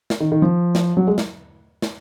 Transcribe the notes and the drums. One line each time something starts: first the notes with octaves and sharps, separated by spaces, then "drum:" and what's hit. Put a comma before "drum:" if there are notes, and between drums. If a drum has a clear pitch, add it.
drum: snare
D#3
D#3
F3
drum: snare
F#3
G#3
drum: snare
drum: snare